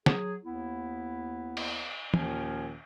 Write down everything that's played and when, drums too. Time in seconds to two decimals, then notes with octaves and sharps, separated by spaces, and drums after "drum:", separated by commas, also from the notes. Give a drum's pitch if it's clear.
0.06 F#3 G#4, drum: snare
0.44 D#2 B3 E4
1.57 drum: cymbal
2.14 D#2 A#2 D#3 F3 C#4, drum: tom